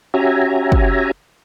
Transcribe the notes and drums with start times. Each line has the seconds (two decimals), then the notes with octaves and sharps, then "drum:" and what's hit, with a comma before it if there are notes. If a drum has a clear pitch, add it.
0.14 C#4 F#4 G4 E5 G#5 A#5
0.72 drum: kick